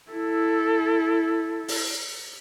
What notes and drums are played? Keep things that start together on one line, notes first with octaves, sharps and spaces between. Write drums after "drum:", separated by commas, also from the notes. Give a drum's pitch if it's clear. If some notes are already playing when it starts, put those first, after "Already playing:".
E4 A4
drum: open hi-hat